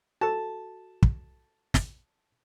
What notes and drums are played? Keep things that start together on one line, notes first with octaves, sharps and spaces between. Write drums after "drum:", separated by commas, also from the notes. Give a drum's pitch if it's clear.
F#4 A4 A5
drum: kick
drum: snare